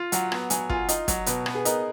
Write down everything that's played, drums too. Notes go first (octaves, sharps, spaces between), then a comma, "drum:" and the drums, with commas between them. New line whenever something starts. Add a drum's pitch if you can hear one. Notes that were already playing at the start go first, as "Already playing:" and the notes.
Already playing: F4
F#3 F#5, drum: hi-hat
B3, drum: rim click
F#3 G#5, drum: hi-hat
F4 G#5, drum: kick
D#4, drum: hi-hat
F#3, drum: kick, hi-hat
B2 B4, drum: hi-hat
B3, drum: rim click
G#4
D#4 A#4, drum: hi-hat